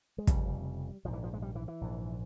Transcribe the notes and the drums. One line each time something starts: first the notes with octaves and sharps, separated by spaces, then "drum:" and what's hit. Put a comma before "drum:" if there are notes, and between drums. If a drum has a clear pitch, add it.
G#3
F1 F2 C#3 G3, drum: kick, hi-hat
A#1 G#2 F3
E3
F3
G#3
G3
E3
E3
A#1 G#2